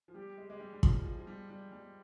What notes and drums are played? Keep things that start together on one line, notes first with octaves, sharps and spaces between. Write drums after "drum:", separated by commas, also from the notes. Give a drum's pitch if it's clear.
F3
G3 G4
G#3
G#3
G3
G3
F3, drum: kick
F3
F3
G3
G3
G3